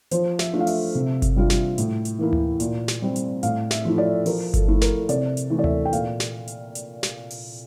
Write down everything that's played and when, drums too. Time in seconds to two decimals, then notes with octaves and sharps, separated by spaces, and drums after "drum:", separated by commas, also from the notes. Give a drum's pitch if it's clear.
0.11 F3 C5, drum: hi-hat
0.39 E5, drum: snare
0.53 A3 D4 F4
0.60 F5
0.67 E5, drum: open hi-hat
0.95 C3
1.22 drum: kick G1, hi-hat
1.36 G3 D4 F4
1.50 drum: snare
1.78 A2, drum: hi-hat
2.05 drum: hi-hat
2.19 E3 A#3 E4
2.33 drum: tom D2
2.60 A#2, drum: hi-hat
2.88 drum: snare
3.02 G3 C4
3.16 drum: hi-hat
3.43 A2 F5, drum: hi-hat
3.71 E5, drum: snare
3.85 F3 A3 E4
3.98 D5
4.26 F3 A#4, drum: open hi-hat
4.54 A4, drum: kick G1, hi-hat
4.68 A3 E4
4.81 A#4, drum: snare
5.09 C3 D5, drum: hi-hat
5.37 drum: hi-hat
5.50 E3 A3
5.59 D5
5.64 E5, drum: tom D2
5.85 G5
5.93 A#2 F5, drum: hi-hat
6.20 drum: snare
6.48 drum: hi-hat
6.75 drum: hi-hat
7.03 drum: snare
7.31 drum: open hi-hat